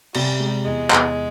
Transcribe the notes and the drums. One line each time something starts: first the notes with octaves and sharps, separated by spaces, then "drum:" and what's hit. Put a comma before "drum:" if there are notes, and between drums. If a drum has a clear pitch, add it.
C3 G3, drum: cymbal
G#3
E2 G#3
E2, drum: clap